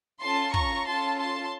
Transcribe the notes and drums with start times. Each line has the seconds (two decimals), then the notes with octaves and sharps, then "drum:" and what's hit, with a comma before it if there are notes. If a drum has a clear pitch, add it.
0.21 C#4 F4 A4 A5 C6
0.54 A#5 C#6, drum: kick
0.87 C#4 F4 A4 A5 C6
1.19 A5 C6